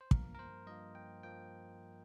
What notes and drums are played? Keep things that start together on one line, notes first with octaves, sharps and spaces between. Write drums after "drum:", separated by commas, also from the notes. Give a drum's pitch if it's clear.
C5
G2 F3 A#3 A#4, drum: kick
A#4
C5
G2 F3 A#3 D#5
G5
F3 A#3 G5